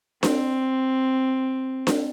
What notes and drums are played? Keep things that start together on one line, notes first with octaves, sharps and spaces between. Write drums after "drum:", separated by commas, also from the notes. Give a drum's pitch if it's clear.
C4, drum: snare D4
drum: snare D4